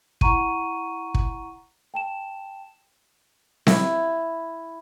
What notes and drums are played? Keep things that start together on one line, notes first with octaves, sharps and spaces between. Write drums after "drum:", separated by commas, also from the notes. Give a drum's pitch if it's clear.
E4 F#5 A#5 C#6 D#7, drum: kick
drum: kick
G5 A5 E7
E4, drum: snare C4